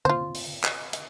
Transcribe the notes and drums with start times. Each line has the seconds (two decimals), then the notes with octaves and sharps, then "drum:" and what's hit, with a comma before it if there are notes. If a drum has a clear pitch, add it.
0.05 F4 C5, drum: tom D3
0.34 drum: open hi-hat
0.64 drum: clap
0.93 drum: hi-hat